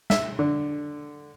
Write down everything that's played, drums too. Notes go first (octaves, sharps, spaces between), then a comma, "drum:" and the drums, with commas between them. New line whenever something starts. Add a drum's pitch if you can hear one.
E5, drum: snare
D3